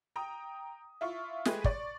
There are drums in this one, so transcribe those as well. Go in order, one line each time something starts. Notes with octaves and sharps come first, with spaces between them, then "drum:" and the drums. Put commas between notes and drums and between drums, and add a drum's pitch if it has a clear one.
G5 A#5 D#6
E4 F4 C#6
G#3 A3 G4 G#4 B4, drum: snare
D5 C#6, drum: kick